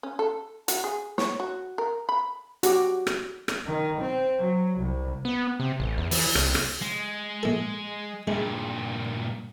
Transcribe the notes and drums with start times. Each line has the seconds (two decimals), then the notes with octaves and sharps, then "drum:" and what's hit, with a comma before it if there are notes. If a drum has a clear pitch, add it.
0.03 C#4
0.19 A4
0.68 F#4, drum: hi-hat
0.84 G#4
1.18 C#5, drum: snare
1.40 F#4
1.78 A#4
2.09 B5
2.63 F#4 G4 D6, drum: hi-hat
3.07 drum: rim click
3.48 drum: rim click
3.66 D#3
4.02 C4
4.39 F#3
4.79 C2
5.25 B3
5.60 C3
5.80 A1
5.98 E2
6.11 E3, drum: open hi-hat
6.35 C2, drum: rim click
6.55 drum: rim click
6.82 G#3
7.43 A#1 A4
8.27 G2 A#2 G#3